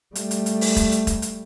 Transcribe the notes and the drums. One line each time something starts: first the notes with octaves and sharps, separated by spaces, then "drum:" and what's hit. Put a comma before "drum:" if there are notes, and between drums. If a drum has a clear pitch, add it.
G3 A3, drum: hi-hat
drum: hi-hat
drum: hi-hat
drum: open hi-hat
drum: kick E1, hi-hat
drum: hi-hat
drum: kick E1, hi-hat
drum: hi-hat